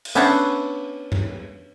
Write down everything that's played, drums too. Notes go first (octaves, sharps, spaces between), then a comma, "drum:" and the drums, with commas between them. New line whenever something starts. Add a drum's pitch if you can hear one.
drum: cymbal
B3 C#4 D4 C5 E5 F#5
drum: tom G2